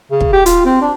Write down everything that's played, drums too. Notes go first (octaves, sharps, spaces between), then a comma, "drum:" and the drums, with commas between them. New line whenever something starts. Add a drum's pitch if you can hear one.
C#3
drum: kick
G4
F4, drum: hi-hat
C4
D4